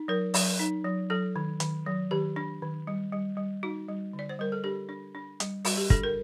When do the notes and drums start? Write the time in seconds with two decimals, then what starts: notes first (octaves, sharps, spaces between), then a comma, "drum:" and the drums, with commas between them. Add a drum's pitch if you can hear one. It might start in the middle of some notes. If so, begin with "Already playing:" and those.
Already playing: D#4
0.08 F#3 A#4
0.34 F#3, drum: open hi-hat
0.59 D#4
0.85 F#3
1.10 F#3 A4
1.36 D#3
1.60 D#3, drum: hi-hat
1.87 F#3
2.11 D#3 G4
2.36 D4
2.62 D#3
2.87 G3
3.12 G3
3.37 G3
3.63 D#4 F#4
3.89 G3
4.13 D3
4.19 D5
4.29 C5
4.39 G3 A#4
4.52 A4
4.64 D4 G4
4.89 D4
5.15 D4
5.40 G3, drum: hi-hat
5.65 G3 F#4, drum: open hi-hat
5.77 G4
5.90 D4 A4, drum: kick
6.04 A#4